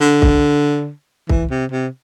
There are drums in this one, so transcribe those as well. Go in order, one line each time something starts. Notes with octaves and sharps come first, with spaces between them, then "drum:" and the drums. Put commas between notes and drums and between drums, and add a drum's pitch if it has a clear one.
D3
drum: kick
E3, drum: kick
C3
C3